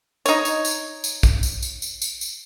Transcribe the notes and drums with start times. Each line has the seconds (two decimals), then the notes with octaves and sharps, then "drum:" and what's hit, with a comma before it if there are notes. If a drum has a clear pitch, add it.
0.26 D#4 C#5, drum: tambourine
0.45 drum: tambourine
0.65 drum: tambourine
1.04 drum: tambourine
1.23 drum: kick A#1, tambourine
1.43 drum: tambourine
1.62 drum: tambourine
1.82 drum: tambourine
2.02 drum: tambourine
2.21 drum: tambourine